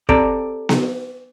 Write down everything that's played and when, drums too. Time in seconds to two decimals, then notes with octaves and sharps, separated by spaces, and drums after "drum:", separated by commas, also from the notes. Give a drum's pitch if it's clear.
0.09 C4 G4 A4 D5 G5 A#5, drum: kick
0.69 drum: snare B3